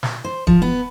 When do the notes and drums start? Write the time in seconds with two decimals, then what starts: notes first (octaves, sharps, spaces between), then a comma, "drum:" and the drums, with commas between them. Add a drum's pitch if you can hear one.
0.03 drum: snare
0.24 C5
0.47 F3, drum: kick D#1
0.62 B3